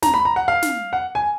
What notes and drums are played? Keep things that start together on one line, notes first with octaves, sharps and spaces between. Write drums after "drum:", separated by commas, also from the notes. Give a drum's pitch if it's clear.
A#5, drum: snare
B5
A#5
F#5
F5
drum: snare
F#5
G#5